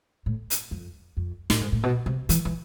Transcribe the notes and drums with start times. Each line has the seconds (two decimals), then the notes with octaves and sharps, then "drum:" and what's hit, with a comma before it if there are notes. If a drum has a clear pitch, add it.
0.26 A2
0.50 drum: hi-hat
0.71 F2
1.17 F2
1.50 A2, drum: snare
1.61 G#2
1.72 A2
1.83 B2
2.06 C3
2.29 E3, drum: hi-hat
2.45 E3